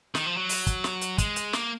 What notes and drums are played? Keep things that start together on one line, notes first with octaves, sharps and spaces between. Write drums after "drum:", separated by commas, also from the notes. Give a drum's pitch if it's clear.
D#3, drum: snare
F3
F#3
drum: open hi-hat
drum: kick, hi-hat
drum: snare
drum: hi-hat
G#3, drum: kick, hi-hat
drum: hi-hat
A#3, drum: snare